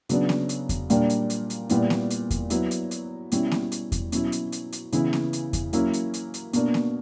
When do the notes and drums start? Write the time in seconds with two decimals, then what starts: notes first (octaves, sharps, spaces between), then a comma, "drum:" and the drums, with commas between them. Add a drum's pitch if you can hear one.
0.09 C#3 F#3 B3 D4, drum: hi-hat
0.29 drum: snare A#3
0.49 drum: hi-hat
0.69 drum: kick E2, hi-hat
0.90 A#2 G3 A#3 D4, drum: hi-hat
1.10 drum: hi-hat
1.30 drum: hi-hat
1.50 drum: hi-hat
1.69 A#2 G3 B3 E4, drum: hi-hat
1.90 drum: snare A#3
2.10 drum: hi-hat
2.31 drum: kick E2, hi-hat
2.50 F#3 B3 E4, drum: hi-hat
2.71 drum: hi-hat
2.91 drum: hi-hat
3.32 B2 G3 C#4 E4, drum: hi-hat
3.51 drum: snare A#3
3.72 drum: hi-hat
3.92 drum: kick E2, hi-hat
4.12 B2 F#3 C#4 E4, drum: hi-hat
4.32 drum: hi-hat
4.52 drum: hi-hat
4.72 drum: hi-hat
4.92 C#3 E3 B3 E4, drum: hi-hat
5.13 drum: snare A#3
5.33 drum: hi-hat
5.53 drum: kick E2, hi-hat
5.73 F#3 A#3 C#4 E4, drum: hi-hat
5.93 drum: hi-hat
6.14 drum: hi-hat
6.34 drum: hi-hat
6.53 B2 A#3 D4, drum: hi-hat
6.74 drum: snare A#3